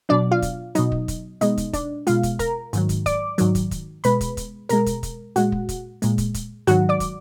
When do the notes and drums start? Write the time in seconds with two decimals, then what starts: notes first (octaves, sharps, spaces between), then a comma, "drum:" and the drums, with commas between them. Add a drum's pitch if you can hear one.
0.09 B2 F#3 D4 D5
0.31 F4 F5
0.42 drum: kick, hi-hat
0.75 B2 F#3 D#4 D#5, drum: hi-hat
0.92 drum: kick
1.08 drum: kick, hi-hat
1.41 B2 G#3 D#4 D#5, drum: hi-hat
1.57 drum: kick, hi-hat
1.73 D4 D5, drum: kick, hi-hat
2.07 B2 G#3 F4 F5, drum: hi-hat
2.23 drum: kick, hi-hat
2.39 A#4 A#5, drum: kick, hi-hat
2.73 G#2 D#3 F#3, drum: hi-hat
2.89 drum: kick, hi-hat
3.06 D5 D6, drum: kick, hi-hat
3.38 G#2 D#3 F#3, drum: hi-hat
3.55 drum: kick, hi-hat
3.71 drum: kick, hi-hat
4.04 B2 G#3 B4 B5, drum: hi-hat
4.21 drum: kick, hi-hat
4.37 drum: kick, hi-hat
4.69 B2 G#3 A#4 A#5, drum: hi-hat
4.86 drum: kick, hi-hat
5.03 drum: kick, hi-hat
5.36 A#2 G#3 F#4 F#5, drum: hi-hat
5.52 drum: kick
5.69 drum: kick, hi-hat
6.02 A#2 G#3, drum: hi-hat
6.18 drum: kick, hi-hat
6.34 drum: kick, hi-hat
6.67 G#2 D#3 F#3 F#4 F#5, drum: hi-hat
6.89 D5 D6
7.00 drum: kick, hi-hat